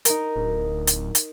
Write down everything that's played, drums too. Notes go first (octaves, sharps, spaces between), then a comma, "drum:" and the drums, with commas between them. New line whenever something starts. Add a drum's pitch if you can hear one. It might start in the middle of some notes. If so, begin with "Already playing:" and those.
D#4 A#4, drum: hi-hat
D1
drum: hi-hat
drum: hi-hat